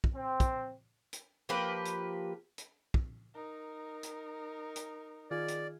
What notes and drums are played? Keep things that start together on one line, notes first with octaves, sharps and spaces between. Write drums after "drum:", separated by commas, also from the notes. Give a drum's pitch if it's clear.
drum: kick
C4
drum: kick, hi-hat
drum: hi-hat
F3 A#3 G4 B4
drum: hi-hat
drum: hi-hat
drum: kick
D#4 A#4
drum: hi-hat
drum: hi-hat
D#3 F4 G#4 D5
drum: hi-hat